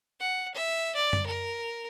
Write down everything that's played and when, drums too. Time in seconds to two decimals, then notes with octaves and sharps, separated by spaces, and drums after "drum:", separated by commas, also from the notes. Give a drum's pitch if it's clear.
0.20 F#5
0.55 E5
0.95 D5
1.13 drum: tom F#2
1.26 A#4